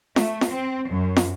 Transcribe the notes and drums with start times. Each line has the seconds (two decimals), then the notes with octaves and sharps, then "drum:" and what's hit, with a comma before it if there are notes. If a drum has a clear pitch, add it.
0.16 A3, drum: snare
0.41 drum: snare
0.51 C4
0.89 F#2
1.16 drum: snare